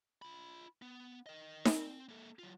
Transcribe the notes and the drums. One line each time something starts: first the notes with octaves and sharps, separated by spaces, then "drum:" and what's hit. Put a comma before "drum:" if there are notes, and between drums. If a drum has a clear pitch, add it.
F4 B5
B3
A#4 D#5
C4, drum: snare D#4
A#3 A4
F#3 F4